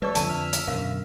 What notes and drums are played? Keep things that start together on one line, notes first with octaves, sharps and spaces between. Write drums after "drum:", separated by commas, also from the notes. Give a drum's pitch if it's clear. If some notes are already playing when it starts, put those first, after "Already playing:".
G3 A3 A4 B4 D5 C#6 E6
F2 D3 F3 G#5 A5, drum: hi-hat
E5 E6 F6
drum: hi-hat
F#2 B2 D3 A#4 F5